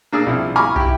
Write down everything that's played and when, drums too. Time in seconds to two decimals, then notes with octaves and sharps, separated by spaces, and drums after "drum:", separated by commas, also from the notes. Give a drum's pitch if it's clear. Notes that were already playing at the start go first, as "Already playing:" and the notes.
0.12 A#3 D4 G#4 E6
0.26 C2 F3 E4
0.56 G#5 A#5 B5 C#6 D6 F6
0.76 E4 G4, drum: kick